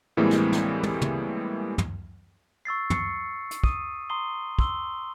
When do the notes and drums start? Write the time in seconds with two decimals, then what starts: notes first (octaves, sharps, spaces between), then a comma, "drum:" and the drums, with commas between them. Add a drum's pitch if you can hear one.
0.17 A2 E3 G3 G#3 A#3 C4
0.31 drum: snare
0.52 drum: snare
0.83 drum: tom
1.02 drum: tom
1.78 drum: tom
2.65 C#6 E6 A6 C7
2.90 C#6 C7 C#7, drum: tom
3.51 drum: hi-hat
3.64 D#6 D#7, drum: kick
4.10 A#5 C6 D#6 C7 G7
4.59 C6 E6 G7, drum: kick